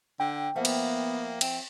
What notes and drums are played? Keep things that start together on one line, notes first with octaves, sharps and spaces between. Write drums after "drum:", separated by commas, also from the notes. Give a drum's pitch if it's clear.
D3 G5
F3 A#3 B3 E5 F#5
drum: cymbal
C4, drum: cymbal